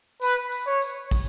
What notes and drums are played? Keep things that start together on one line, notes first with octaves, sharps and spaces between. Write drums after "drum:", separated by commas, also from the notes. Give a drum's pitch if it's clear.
B4, drum: tambourine
drum: tambourine
C#5
drum: tambourine
drum: kick, tambourine